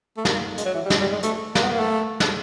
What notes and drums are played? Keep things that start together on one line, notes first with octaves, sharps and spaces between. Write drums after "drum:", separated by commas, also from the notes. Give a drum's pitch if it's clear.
A3
A#3, drum: snare
G#3, drum: hi-hat
F#3
E3
G3
G#3, drum: snare
G3
G#3
A3, drum: hi-hat
A#3, drum: snare
B3
A#3
A3
drum: snare